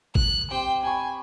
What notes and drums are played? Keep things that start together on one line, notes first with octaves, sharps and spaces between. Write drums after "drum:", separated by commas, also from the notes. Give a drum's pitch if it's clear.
F#6, drum: kick G#1
C4 G4 C5 G5
G#5 B5 C#6